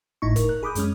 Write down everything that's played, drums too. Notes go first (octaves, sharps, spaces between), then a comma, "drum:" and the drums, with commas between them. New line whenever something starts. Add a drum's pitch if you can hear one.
G#1 A2 D#4 E4 C#6
A#4, drum: kick, hi-hat
F#6
G#4 B5 D6 D#6 G6
F#2 G#3 C#4 F6, drum: hi-hat